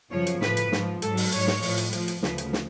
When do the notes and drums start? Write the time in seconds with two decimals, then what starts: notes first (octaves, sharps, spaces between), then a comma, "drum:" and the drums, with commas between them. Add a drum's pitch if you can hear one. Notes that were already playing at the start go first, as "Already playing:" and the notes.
0.11 F#2 C#3 F3 C#5
0.27 drum: hi-hat
0.41 A2 F3 B4, drum: snare
0.57 drum: hi-hat
0.72 G#2 F3, drum: snare
1.02 G#2 F#3 A4, drum: hi-hat
1.17 drum: open hi-hat
1.32 G#2 F#3 C#5, drum: hi-hat
1.47 drum: snare
1.62 A2 F3, drum: open hi-hat
1.78 drum: hi-hat
1.93 A2 F3, drum: hi-hat
2.08 drum: hi-hat
2.23 D2 C#3 F3 B4, drum: snare
2.38 drum: hi-hat
2.53 drum: snare